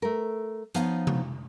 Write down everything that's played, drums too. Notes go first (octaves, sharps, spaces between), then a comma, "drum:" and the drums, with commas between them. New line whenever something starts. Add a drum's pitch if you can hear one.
A3 A#4
F3 B3 D#4 C#5 F5, drum: hi-hat
drum: tom C3